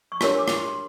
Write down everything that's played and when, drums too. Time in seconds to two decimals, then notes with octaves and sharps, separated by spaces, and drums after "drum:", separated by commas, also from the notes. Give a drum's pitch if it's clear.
0.12 C#6
0.21 D4 G4 A#4 C#5 C6, drum: rim click
0.38 D6
0.48 drum: rim click
0.57 C6
0.68 C6